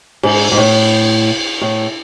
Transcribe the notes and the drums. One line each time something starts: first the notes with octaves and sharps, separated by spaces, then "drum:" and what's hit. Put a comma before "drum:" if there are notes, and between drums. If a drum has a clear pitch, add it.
G#2, drum: cymbal
G#2
A2
A2